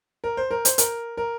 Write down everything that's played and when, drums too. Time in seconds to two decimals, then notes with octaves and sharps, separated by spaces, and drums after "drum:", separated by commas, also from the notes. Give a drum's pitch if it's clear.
0.24 A#4
0.37 C5
0.51 A#4
0.65 C5, drum: hi-hat
0.78 A#4, drum: hi-hat
1.17 A#4